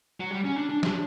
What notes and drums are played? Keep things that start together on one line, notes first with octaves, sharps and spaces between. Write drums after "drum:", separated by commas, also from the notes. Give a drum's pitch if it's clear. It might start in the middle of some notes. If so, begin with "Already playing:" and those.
F#3
G3
C#4
D4
D4
D4, drum: snare